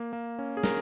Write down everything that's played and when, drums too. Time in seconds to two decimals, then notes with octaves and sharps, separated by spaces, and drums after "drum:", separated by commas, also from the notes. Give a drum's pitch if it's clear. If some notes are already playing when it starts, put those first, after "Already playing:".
Already playing: A#3
0.13 A#3
0.39 C#4
0.57 G#4
0.64 A#4, drum: snare